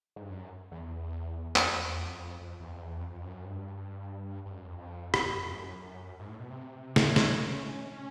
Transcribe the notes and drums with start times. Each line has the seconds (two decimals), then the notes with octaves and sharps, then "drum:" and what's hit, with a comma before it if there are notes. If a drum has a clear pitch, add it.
0.16 G#2
0.23 G2
0.30 F#2
0.71 E2
1.56 F2, drum: clap
1.77 E2
1.99 F2
2.41 F2
2.60 E2
2.68 F2
2.82 E2
2.96 F2
3.10 F2
3.24 F#2
3.45 G2
4.46 G2
4.50 F#2
4.65 F2
4.78 F2
5.14 drum: rim click
5.35 F#2
5.43 F2
5.52 F#2
6.19 G#2
6.29 A2
6.40 B2
6.50 C3
6.96 D#3, drum: snare
7.03 D3
7.16 G3, drum: snare
7.30 G#3
7.45 C#4
7.87 C#4